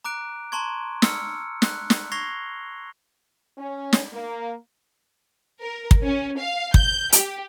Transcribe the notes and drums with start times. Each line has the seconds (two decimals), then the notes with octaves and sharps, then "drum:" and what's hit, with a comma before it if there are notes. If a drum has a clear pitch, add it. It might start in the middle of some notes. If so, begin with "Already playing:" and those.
0.04 A#5 D6 F#6 D7
0.52 A5 A#5 C6 C#6 G#6
1.02 E6 F6 C#7, drum: snare
1.62 F#6, drum: snare
1.90 drum: snare
2.12 C#6 G#6 A#6 C7 F7 G7
3.58 C#4
3.93 drum: snare
4.13 A#3
5.61 A#4
5.91 drum: kick
6.02 C#4
6.38 F5
6.74 G6, drum: kick
7.12 G4, drum: hi-hat